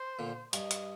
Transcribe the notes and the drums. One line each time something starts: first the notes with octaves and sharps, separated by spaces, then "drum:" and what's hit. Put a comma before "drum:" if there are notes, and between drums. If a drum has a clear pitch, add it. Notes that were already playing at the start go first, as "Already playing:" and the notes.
Already playing: C5
A#2 D3
G2 D#5, drum: hi-hat
drum: hi-hat